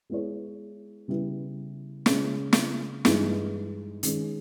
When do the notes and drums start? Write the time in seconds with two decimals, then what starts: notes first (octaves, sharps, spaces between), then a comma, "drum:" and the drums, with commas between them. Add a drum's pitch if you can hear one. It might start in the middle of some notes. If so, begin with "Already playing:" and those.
0.10 G#3 B3 E4 G#4 C#5
1.08 C#3 G3 B3 E4
2.06 C#3 G#3 C#4, drum: snare
2.53 drum: snare
3.05 G2 E3 G#3 D#4, drum: snare
4.03 D#3 G#3 C#4, drum: hi-hat